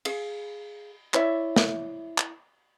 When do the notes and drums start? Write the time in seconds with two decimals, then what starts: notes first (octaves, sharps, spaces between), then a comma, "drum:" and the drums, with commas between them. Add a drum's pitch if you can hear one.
0.05 G#4 F5, drum: cymbal
1.14 E4 C#5 D5 E5, drum: clap
1.56 drum: snare
2.18 drum: clap